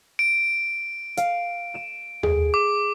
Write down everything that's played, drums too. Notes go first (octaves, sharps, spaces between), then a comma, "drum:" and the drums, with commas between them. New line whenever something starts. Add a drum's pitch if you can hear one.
D7
F5, drum: hi-hat
D#7 E7
G#4, drum: tom D#2
D6